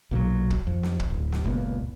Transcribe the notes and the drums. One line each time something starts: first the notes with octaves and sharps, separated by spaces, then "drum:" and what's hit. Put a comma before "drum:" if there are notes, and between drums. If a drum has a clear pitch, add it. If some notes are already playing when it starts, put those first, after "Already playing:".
B1 A#2 F3 F#3
drum: kick
F2
drum: snare
drum: kick
D1
drum: snare
F#1 C#2 A#2 B3